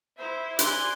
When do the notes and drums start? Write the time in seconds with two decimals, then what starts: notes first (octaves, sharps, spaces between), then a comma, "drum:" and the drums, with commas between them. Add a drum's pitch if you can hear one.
0.17 E4 C5 E5
0.59 D5 G#5 C6 F#6, drum: hi-hat